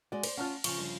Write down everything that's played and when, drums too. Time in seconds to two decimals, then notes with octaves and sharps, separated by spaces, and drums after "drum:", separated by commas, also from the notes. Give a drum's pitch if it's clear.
0.12 G#3 F#4 D5
0.23 B4 C5, drum: cymbal
0.37 C#4 F4 F#5 A5 F6
0.64 C#3 F3 C#6, drum: cymbal
0.78 G1